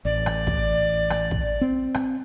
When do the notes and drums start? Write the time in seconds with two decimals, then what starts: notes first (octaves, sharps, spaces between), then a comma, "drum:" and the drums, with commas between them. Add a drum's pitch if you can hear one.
0.05 A1 D5
0.26 drum: rim click
0.47 drum: kick
1.10 drum: rim click
1.31 drum: kick
1.61 C4
1.94 drum: rim click